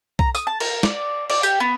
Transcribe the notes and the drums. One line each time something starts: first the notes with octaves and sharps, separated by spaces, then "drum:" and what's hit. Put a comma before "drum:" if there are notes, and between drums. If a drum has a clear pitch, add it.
A#5, drum: kick B1
D#6, drum: tambourine
A5
A#4, drum: cymbal
D5, drum: snare
D5, drum: cymbal
G4, drum: tambourine
B3